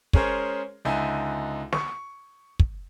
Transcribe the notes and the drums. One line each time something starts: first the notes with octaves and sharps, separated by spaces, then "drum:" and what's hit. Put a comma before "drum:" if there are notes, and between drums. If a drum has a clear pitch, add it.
G#3 C#4 G#4 A#4 C5 C#5, drum: kick
C#2 D3 D#4 E5 G#5
C#6, drum: snare
drum: kick